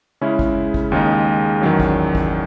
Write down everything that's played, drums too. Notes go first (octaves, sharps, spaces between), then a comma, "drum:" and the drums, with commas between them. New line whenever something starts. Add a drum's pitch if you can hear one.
C#3 G#3 C#4 E4
drum: kick
drum: kick
D#2 C#3 G#3 D#4
E2 D#3 F#3 C#4
drum: kick
drum: kick